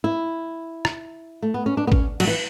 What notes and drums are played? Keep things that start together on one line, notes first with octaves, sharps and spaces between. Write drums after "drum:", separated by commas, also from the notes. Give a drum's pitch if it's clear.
E4
drum: rim click
A3
B3
C#4
D4
B3
C#4, drum: kick
F#3, drum: cymbal
E3